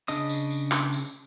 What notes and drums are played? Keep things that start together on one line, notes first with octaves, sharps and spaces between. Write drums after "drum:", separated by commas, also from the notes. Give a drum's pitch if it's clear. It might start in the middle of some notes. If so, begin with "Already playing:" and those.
C#3 D4 D#5 D#6, drum: tambourine
drum: tambourine
drum: tambourine
drum: clap
drum: tambourine